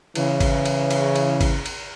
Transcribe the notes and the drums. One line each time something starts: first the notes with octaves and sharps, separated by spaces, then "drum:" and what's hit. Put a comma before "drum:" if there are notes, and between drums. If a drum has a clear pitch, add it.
C#3 E3, drum: cymbal
drum: kick, cymbal
drum: cymbal
drum: cymbal
drum: cymbal
drum: kick, cymbal
drum: cymbal